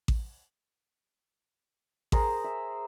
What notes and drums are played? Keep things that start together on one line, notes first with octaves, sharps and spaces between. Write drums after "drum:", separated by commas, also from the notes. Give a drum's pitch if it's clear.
drum: kick A1
G#4 A#4 C5 A#5, drum: kick A1
E5